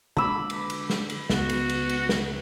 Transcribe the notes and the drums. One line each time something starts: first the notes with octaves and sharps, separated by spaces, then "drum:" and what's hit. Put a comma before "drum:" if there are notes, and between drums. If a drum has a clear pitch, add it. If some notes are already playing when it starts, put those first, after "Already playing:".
D3 G#3 A#3 B5 D6 E6
drum: cymbal
drum: cymbal
drum: snare
drum: cymbal
C#2 B3 F#4, drum: snare
drum: cymbal
drum: cymbal
drum: cymbal
drum: snare